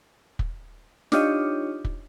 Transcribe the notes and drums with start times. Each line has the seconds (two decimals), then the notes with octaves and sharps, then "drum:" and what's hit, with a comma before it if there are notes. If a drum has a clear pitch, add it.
0.39 drum: kick
1.12 D4 D#4 F4 G4 C#5 D#5, drum: snare
1.84 drum: kick